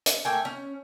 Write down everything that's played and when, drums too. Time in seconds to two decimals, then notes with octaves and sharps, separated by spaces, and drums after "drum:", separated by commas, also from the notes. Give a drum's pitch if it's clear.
0.06 drum: hi-hat
0.25 A3 A#3 G5 G#5
0.45 C#4